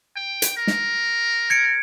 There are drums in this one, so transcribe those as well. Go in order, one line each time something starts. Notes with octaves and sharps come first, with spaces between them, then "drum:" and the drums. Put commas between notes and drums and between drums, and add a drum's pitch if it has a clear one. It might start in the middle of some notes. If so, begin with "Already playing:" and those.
G5
drum: hi-hat
A#4
drum: snare
G#6 C#7 D7